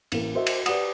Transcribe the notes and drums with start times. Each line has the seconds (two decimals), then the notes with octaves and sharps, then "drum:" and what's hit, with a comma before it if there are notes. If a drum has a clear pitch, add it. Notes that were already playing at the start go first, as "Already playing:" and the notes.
0.12 A1 A#3, drum: cymbal
0.34 F#4 A#4 C5 D#5 E5
0.47 drum: cymbal
0.66 G4 B4 D5 F#5 D#6, drum: cymbal